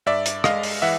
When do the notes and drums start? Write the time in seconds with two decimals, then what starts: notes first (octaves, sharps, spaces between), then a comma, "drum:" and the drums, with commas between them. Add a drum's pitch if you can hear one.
0.06 G2 D5 E5
0.26 drum: hi-hat
0.44 G#3 D#5 F5, drum: rim click
0.63 drum: open hi-hat
0.82 E3 E5 F#5